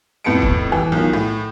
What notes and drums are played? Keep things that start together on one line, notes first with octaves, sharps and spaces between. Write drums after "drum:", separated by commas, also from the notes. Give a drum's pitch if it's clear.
F2 A2 B3 A5 C#7 D7
drum: kick
E3
B1 D#3 F3
A2